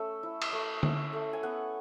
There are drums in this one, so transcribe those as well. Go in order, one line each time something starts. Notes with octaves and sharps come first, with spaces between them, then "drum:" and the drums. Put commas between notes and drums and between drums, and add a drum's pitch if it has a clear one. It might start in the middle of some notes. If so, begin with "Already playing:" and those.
Already playing: A3 C#4 E5
E4
drum: cymbal
A3
C#4, drum: tom D3
A3
G#5
B3 F#5